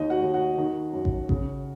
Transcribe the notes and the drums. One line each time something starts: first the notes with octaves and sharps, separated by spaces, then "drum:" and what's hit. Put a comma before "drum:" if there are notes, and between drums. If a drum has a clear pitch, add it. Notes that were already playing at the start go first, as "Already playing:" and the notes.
Already playing: D#2 D#4 D#5
F#4 F#5
D#2
F#4 F#5
D#3
F#2
drum: kick A1
C#3, drum: kick A1